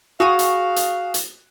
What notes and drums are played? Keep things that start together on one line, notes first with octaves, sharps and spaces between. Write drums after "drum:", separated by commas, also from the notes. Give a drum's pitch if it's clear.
F#4 G#4 F5 C#6 D#6
drum: hi-hat
drum: hi-hat
drum: hi-hat